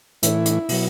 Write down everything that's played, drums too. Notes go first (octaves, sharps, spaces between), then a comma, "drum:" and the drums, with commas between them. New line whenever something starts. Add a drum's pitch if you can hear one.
A2 E3 E4, drum: hi-hat
drum: hi-hat
B2 F#3, drum: open hi-hat